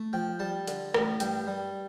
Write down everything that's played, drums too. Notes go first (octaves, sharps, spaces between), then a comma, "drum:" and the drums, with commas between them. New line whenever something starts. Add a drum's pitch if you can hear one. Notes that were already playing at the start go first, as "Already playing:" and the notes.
Already playing: A3
F3 G5
G3 A5
D3, drum: hi-hat
A1, drum: rim click
G2 G5, drum: hi-hat
G3